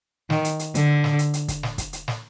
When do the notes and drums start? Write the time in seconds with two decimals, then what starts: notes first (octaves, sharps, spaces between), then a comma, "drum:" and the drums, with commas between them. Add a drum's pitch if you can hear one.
0.30 D#3, drum: snare
0.45 drum: hi-hat
0.59 drum: hi-hat
0.75 D3, drum: hi-hat
1.04 drum: snare
1.19 drum: hi-hat
1.34 drum: hi-hat
1.48 drum: kick, hi-hat
1.63 drum: snare
1.78 drum: kick, hi-hat
1.93 drum: hi-hat
2.08 drum: snare